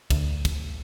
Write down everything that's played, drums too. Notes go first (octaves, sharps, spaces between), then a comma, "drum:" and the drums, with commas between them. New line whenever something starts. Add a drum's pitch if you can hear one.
D2, drum: kick, cymbal
drum: kick, cymbal